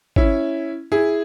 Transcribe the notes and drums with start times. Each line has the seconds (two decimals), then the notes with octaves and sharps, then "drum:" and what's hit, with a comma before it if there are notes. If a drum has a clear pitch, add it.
0.16 C#4 E4, drum: kick
0.92 E4 G#4